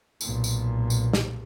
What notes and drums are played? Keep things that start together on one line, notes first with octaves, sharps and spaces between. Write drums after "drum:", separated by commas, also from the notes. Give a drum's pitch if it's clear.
B1 A#2, drum: tambourine
drum: tambourine
drum: tambourine
drum: snare